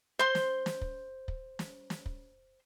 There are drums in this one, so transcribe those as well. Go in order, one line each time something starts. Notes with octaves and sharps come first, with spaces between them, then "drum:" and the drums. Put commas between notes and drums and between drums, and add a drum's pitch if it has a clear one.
C5 C6
drum: snare
drum: snare
drum: kick
drum: kick
drum: snare
drum: snare
drum: kick